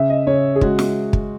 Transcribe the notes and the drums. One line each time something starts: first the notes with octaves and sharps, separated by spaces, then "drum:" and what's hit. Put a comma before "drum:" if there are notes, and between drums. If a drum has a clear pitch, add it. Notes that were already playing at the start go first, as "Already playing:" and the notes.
Already playing: C#3 E5
D#5
C#3 C#5
G#4
G#3 F#4, drum: kick
drum: snare
drum: kick